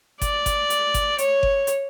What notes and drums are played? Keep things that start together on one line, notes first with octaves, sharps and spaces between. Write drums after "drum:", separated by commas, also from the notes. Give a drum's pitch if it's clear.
D5, drum: kick G1, hi-hat
drum: kick G1, hi-hat
drum: hi-hat
drum: kick G1, hi-hat
C#5, drum: hi-hat
drum: kick G1
drum: hi-hat